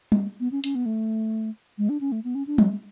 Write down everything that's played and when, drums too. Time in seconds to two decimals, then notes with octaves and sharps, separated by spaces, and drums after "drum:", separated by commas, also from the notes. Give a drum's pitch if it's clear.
0.12 drum: tom G3
0.40 B3
0.52 C#4
0.64 C#4, drum: hi-hat
0.75 B3
0.86 A3
1.78 G#3
1.89 D4
2.01 C#4
2.12 A3
2.24 B3
2.35 C#4
2.47 D4
2.58 F#3, drum: tom G3